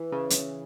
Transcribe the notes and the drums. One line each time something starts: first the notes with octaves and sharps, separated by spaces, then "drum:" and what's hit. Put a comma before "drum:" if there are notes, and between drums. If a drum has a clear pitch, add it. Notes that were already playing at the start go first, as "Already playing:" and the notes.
Already playing: E3
C#3
drum: hi-hat